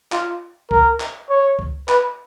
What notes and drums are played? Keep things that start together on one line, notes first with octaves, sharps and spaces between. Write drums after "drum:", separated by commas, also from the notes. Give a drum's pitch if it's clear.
F4, drum: clap
A#4, drum: kick C#2
drum: clap
C#5
drum: kick C#2
B4, drum: clap